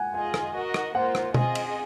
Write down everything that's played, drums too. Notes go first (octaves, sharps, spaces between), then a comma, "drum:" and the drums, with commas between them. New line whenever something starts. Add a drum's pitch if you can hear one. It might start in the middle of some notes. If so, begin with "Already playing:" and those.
Already playing: F#5 G#5
F4 G#4 D#5 G#5
drum: rim click
F#4 A#4 D#5
drum: rim click
A#3 F4 C5 F#5
drum: rim click
C4 F4 G#4 D#5, drum: tom B2
drum: cymbal